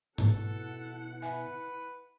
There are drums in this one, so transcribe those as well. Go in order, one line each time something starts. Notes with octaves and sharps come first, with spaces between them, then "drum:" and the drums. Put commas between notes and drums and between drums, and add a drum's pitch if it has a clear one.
B2 E4 A4 F#5, drum: tom G#2
B4 E5 G#5